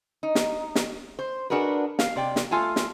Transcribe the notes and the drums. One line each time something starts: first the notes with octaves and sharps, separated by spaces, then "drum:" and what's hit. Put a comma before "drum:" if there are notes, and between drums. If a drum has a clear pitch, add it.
D#4
drum: snare
drum: snare
C5
D4 F#4 G#4 A#4 B4
F5, drum: snare
C3 D5 G5
drum: snare
A3 F4 G#5 A5
drum: snare